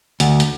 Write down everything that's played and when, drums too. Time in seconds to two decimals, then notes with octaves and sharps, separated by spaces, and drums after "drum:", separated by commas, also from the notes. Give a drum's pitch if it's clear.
0.20 D2, drum: hi-hat
0.40 drum: hi-hat